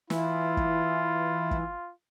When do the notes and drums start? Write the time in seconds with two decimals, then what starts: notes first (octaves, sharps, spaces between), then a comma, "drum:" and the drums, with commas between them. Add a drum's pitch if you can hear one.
0.10 E3 E4 F4, drum: snare
0.57 drum: kick
1.51 drum: kick